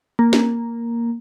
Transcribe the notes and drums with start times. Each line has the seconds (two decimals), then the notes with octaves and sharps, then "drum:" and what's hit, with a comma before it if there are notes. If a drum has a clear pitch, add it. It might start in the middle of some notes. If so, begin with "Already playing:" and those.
0.19 A#3
0.33 drum: snare